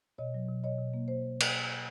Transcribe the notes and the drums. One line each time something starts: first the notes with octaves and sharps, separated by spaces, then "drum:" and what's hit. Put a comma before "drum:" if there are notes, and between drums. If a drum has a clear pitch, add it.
B2 C#5 D#5
F#3
B2
B2 C#5 D#5
B2
A#3
C5
drum: cymbal